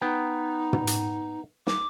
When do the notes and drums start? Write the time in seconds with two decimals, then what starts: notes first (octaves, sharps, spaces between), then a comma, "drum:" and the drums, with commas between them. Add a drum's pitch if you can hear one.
0.01 B3 D#4 G5
0.73 drum: tom
0.87 drum: hi-hat
1.67 D6, drum: snare